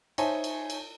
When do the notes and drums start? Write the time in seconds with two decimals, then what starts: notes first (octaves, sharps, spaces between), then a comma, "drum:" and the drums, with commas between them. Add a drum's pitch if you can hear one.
0.18 D#4 C5 C#5 E5 G#5 A5, drum: cymbal
0.44 drum: cymbal
0.70 drum: cymbal